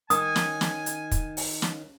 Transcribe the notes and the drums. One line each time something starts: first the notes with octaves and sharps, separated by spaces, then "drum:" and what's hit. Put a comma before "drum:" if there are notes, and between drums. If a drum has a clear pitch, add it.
D#3 G#5 D#6, drum: hi-hat
drum: snare
drum: snare
drum: hi-hat
drum: kick, hi-hat
drum: open hi-hat
drum: snare